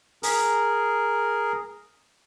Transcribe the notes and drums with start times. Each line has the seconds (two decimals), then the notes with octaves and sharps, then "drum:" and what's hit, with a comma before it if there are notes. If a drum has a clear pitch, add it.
0.23 G#4 A#4, drum: open hi-hat